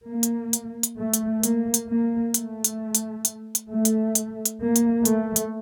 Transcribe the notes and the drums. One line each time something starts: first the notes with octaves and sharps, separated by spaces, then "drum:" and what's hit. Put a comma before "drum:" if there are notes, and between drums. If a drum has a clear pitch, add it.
A#3
drum: hi-hat
drum: hi-hat
drum: hi-hat
A3
drum: hi-hat
A#3, drum: hi-hat
drum: hi-hat
A#3
A3, drum: hi-hat
drum: hi-hat
drum: hi-hat
drum: hi-hat
drum: hi-hat
A3
drum: hi-hat
drum: hi-hat
drum: hi-hat
A#3
drum: hi-hat
A3, drum: hi-hat
drum: hi-hat